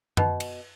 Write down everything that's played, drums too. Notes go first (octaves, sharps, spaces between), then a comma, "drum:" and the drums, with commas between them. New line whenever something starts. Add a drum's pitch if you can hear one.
B2, drum: tom F#2
drum: cymbal